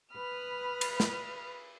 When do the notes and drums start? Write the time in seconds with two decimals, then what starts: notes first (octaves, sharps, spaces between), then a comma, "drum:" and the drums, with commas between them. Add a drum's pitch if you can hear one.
0.12 B4 B5 D#6 F6
0.81 drum: cymbal
1.00 drum: snare